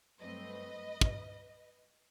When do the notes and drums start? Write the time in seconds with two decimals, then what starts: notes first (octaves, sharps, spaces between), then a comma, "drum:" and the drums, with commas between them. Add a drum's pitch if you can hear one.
0.20 G2 F#3 A3 C4 B4 D#5
1.01 drum: kick